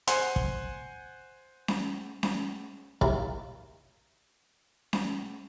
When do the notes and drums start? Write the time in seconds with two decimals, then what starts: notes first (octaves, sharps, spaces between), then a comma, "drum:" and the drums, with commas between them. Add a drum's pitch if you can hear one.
0.07 C5 F#5 G#5 C6, drum: hi-hat
0.36 drum: kick
1.68 drum: snare C#4
2.23 drum: snare C#4
3.01 D#2 C3 F#3 E4 F4 F5, drum: kick
4.93 drum: snare C#4